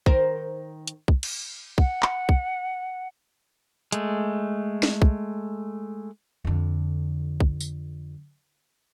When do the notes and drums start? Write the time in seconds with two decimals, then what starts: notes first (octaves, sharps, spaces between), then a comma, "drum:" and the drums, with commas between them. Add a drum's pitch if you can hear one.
0.06 D#3 A#4 C5, drum: kick
0.88 drum: hi-hat
1.08 drum: kick
1.23 drum: cymbal
1.78 F#5, drum: kick
2.02 drum: clap
2.29 drum: kick
3.92 G#3 A3, drum: hi-hat
4.83 drum: snare
5.02 drum: kick
6.45 F2 D3
7.40 drum: kick
7.60 drum: tambourine